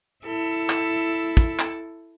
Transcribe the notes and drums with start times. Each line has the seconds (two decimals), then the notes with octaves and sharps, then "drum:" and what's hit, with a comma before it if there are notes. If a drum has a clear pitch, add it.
0.25 E4 A4
0.70 drum: clap
1.37 drum: kick
1.59 drum: clap